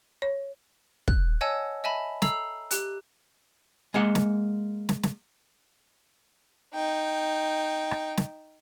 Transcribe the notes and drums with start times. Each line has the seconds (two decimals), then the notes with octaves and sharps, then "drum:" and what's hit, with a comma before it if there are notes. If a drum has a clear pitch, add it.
0.22 C#5
1.08 F#6, drum: kick
1.41 C#5 D#5 F#5 G#5 A5 E6
1.84 D#5 E5 G#5 A5 B5
2.22 A4 A#5 E6 C7, drum: snare
2.71 G4 F#6, drum: hi-hat
3.94 G#3 A#3 F#5
4.15 drum: snare
4.89 drum: snare
5.03 drum: snare
6.74 D#4 G5
7.91 drum: rim click
8.17 drum: snare